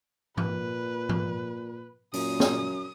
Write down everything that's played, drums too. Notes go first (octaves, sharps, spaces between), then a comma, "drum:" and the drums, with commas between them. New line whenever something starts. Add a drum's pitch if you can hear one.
A#2 B4, drum: tom
drum: tom
F#2 A#2 D#6, drum: open hi-hat
drum: snare